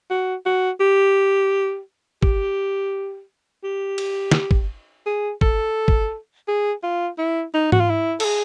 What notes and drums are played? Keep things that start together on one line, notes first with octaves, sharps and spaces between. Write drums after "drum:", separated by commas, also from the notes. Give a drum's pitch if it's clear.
F#4
F#4
G4
G4, drum: kick
G4
drum: cymbal
drum: snare
drum: kick
G#4
A4, drum: kick
drum: kick
G#4
F4
E4
D#4
F#4, drum: tom G#2
F4
E4
A4, drum: cymbal
G#4